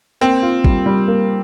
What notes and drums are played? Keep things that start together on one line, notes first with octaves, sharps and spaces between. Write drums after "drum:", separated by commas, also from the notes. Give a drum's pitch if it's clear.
A#3 C4
F4
G3, drum: kick G#1
G3
A#3